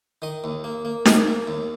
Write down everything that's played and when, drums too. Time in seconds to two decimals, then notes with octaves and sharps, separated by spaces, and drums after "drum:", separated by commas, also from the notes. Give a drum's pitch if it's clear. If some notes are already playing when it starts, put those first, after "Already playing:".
0.22 D#3 D#5
0.44 D#2
0.64 A#3
0.85 A#3
1.05 A#3, drum: snare D#4
1.27 A#3
1.47 D#2